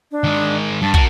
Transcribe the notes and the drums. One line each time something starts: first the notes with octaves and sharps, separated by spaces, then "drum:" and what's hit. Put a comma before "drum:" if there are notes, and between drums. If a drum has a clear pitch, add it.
D4
D#3 G#3
G2 A5
F#4 A#4, drum: kick